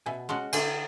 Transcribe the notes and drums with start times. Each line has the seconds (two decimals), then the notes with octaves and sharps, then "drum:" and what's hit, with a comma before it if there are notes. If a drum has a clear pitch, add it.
0.06 B2 E5 G#5
0.29 G#3 C#4 F#4 F#5 A5
0.53 D3 E5 G#5, drum: cymbal